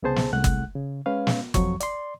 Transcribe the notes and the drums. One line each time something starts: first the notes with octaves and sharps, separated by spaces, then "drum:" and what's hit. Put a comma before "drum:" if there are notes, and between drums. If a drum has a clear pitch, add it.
C2 C#3 B3 G#4 C5 A5
drum: snare
C2 G#3 A3 F#5 F#6
drum: kick, hi-hat
C#3
G#3 C#4 B4 F5
drum: snare
C2 F2 F3 F#3 C#6, drum: kick, hi-hat
D5 C6, drum: hi-hat